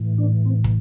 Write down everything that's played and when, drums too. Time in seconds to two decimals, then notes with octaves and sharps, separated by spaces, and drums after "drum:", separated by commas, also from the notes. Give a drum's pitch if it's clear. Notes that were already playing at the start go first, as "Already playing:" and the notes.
Already playing: A2 E3
0.18 D4
0.45 C4
0.64 drum: kick